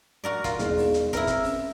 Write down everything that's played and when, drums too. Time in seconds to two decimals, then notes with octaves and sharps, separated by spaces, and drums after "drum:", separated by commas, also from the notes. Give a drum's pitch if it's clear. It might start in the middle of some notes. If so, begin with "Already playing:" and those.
0.24 F#4 A#4 D5
0.44 F4 A#4, drum: kick, hi-hat
0.59 E1 D#4 G#4, drum: kick, hi-hat
0.77 drum: open hi-hat
0.94 drum: hi-hat
1.13 C4 E4 A#4 B4, drum: kick, hi-hat
1.27 drum: kick, hi-hat
1.44 C#4, drum: open hi-hat